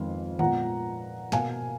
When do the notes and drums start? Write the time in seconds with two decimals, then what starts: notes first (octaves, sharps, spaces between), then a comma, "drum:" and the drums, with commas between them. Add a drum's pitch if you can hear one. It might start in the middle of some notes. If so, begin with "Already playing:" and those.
Already playing: F2 D#3 G#3 B3 F5
0.39 A#2 G#3 B3 F#5 A#5, drum: tom D3
1.32 B2 A#3 F5 G#5, drum: snare